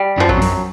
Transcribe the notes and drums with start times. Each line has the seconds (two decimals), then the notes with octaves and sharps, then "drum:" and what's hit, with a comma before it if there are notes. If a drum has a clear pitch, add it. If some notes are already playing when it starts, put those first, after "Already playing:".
Already playing: G3
0.18 F#2 F3
0.29 F#3, drum: kick A1
0.36 F2
0.42 F#2, drum: open hi-hat